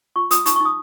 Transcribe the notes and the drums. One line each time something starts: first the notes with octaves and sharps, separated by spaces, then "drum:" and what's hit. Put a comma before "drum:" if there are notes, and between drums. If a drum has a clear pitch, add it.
F4 C#6
F4 D#6, drum: hi-hat
D#4 C#6, drum: hi-hat
D#4 C#6
D#6